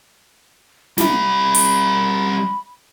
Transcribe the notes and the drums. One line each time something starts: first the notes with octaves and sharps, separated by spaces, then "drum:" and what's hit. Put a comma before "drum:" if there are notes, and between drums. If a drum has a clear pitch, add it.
G3 E5 B5, drum: snare
drum: open hi-hat